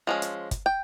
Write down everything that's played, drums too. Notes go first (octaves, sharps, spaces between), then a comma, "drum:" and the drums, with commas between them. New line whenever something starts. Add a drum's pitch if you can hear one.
F3 G#3 C#4
drum: hi-hat
drum: kick, hi-hat
G5